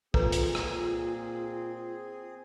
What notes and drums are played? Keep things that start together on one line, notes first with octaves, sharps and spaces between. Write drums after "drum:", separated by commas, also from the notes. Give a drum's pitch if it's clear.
A#2 C4 F4 G#4 A4 B4 A#5, drum: kick
drum: hi-hat
drum: rim click